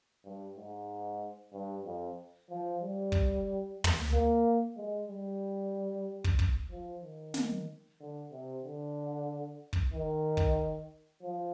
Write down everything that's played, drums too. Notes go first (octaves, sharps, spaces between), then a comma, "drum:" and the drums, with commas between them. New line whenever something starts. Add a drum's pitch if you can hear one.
G2
G#2
G2
F2
F3
G3
drum: kick
drum: tom
A#3
G#3
G3
drum: kick
drum: kick
F3
D#3
drum: snare
D3
C3
D3
drum: kick
D#3
drum: kick
F3